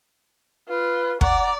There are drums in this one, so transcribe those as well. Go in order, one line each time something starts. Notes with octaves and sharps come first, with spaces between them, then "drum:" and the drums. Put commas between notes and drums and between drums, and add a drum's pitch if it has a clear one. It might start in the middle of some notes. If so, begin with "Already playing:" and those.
F4 B4
D5 F#5 A#5, drum: kick